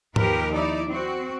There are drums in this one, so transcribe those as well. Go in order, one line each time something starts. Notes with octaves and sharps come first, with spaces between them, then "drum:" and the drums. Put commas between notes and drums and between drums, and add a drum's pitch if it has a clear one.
D#2 F3 G4 A#4 B4, drum: tom G#2
D#4 E4 D5
C4 F#4